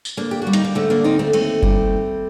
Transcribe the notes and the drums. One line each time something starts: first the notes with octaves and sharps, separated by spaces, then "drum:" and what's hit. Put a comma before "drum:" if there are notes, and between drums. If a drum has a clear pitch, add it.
drum: tambourine
D2 A#3 D4
G4
F#4
G3
D#4, drum: hi-hat
D4
D3 A3 C4
A#3 D4
D2 C4 D#4
A3 C4
D#2 A3 C4, drum: cymbal
G3, drum: kick F#1